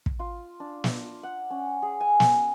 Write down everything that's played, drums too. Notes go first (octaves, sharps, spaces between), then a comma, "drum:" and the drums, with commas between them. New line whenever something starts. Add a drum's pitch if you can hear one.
drum: kick
F4
D4
drum: snare
F#5
C#4
G#4
G#5
drum: snare